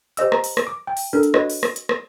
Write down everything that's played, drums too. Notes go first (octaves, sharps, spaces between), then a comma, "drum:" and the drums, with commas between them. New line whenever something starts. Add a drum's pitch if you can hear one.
G4 C5 D#5 E6, drum: hi-hat
A#5, drum: rim click
drum: open hi-hat
drum: rim click
D6
G5
drum: open hi-hat
D4 A4 A#4
drum: hi-hat
F#4 B4 C#5 D#5, drum: rim click
drum: open hi-hat
drum: rim click
drum: hi-hat
drum: rim click